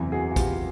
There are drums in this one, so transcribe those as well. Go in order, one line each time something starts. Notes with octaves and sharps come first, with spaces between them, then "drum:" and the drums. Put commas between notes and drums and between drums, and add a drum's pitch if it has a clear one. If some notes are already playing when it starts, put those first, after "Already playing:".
Already playing: F#1 E2 C3 E3
F#4 G#4
F#4
F4 G4, drum: kick, hi-hat